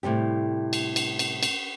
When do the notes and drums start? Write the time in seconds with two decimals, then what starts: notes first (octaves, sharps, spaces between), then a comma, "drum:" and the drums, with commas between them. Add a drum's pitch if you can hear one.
0.03 A2 C3 G3 G4
0.73 drum: cymbal
0.96 drum: cymbal
1.19 drum: cymbal
1.43 drum: cymbal